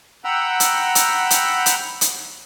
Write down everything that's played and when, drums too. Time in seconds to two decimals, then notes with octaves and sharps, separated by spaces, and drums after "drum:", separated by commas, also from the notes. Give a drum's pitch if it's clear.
0.25 F#5 G5 A#5 B5 E6
0.60 drum: hi-hat
0.95 drum: hi-hat
1.30 drum: hi-hat
1.66 drum: hi-hat
2.01 drum: hi-hat